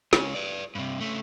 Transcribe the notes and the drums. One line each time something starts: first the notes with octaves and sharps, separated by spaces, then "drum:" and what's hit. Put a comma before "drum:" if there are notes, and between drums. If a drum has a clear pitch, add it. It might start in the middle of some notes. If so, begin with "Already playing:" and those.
C#2 C#4, drum: snare
B4 D5
G2 C3
C#3 A3